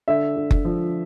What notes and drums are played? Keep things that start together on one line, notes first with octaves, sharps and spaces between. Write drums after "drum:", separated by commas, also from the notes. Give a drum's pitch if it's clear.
D3 E5
D3
drum: kick F#1
F3